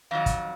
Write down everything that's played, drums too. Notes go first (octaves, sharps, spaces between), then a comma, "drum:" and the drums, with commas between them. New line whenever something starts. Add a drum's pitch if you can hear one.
F2 D#3 F#3 F5
drum: kick, hi-hat